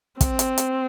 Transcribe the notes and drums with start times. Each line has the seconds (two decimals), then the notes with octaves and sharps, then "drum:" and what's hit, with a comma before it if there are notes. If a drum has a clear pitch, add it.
0.21 C4, drum: kick, hi-hat
0.39 drum: hi-hat
0.58 drum: hi-hat